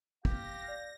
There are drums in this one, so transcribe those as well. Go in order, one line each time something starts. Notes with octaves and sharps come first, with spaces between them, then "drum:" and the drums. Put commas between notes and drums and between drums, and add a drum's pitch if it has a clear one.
G4 F5 A#6, drum: kick
D5 G6